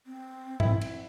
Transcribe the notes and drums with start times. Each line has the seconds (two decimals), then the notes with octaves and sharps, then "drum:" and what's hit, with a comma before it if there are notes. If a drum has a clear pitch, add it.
0.06 C4
0.60 E4, drum: tom G#2
0.81 drum: cymbal